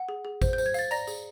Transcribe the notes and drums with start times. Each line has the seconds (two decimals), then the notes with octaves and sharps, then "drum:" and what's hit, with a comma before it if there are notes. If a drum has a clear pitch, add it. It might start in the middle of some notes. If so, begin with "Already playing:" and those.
Already playing: F#5
0.09 G#4
0.25 G#4
0.42 C5, drum: kick G#1, tambourine
0.53 G6
0.58 C5, drum: tambourine
0.66 G#6
0.74 F5 A6, drum: tambourine
0.91 D5 A#5 A#6, drum: tambourine
1.07 G#4, drum: tambourine